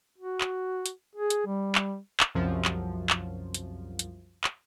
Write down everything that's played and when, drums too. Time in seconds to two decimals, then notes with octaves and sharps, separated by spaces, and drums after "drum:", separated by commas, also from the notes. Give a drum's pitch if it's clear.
0.18 F#4
0.41 drum: clap
0.86 drum: hi-hat
1.16 G#4
1.30 drum: hi-hat
1.47 G3
1.75 drum: clap
2.20 drum: clap
2.35 C2 F#2 F3
2.65 drum: clap
3.10 drum: clap
3.54 drum: hi-hat
3.99 drum: hi-hat
4.44 drum: clap